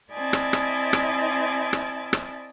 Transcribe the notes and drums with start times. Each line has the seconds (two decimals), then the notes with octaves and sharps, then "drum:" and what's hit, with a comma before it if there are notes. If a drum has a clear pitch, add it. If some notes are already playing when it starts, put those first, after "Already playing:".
0.13 C4 E4 D5 D#5 G#5 A5
0.33 drum: rim click
0.53 drum: rim click
0.93 drum: rim click
1.73 drum: rim click
2.13 drum: rim click